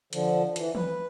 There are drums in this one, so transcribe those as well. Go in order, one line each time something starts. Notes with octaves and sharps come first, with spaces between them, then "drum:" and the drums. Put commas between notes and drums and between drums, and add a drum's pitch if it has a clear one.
D3 F3, drum: hi-hat
E3, drum: hi-hat
B4, drum: tom